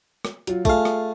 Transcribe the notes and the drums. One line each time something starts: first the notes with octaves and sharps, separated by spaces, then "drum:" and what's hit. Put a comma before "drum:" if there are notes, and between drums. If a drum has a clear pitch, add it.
drum: rim click
F#3 F4, drum: hi-hat
A3 F4 G#4 F5, drum: kick, hi-hat
drum: rim click